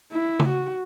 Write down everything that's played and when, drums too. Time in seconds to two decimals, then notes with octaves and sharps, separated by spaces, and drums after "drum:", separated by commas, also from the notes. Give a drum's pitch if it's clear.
0.13 E4
0.39 drum: tom C#3
0.49 F#4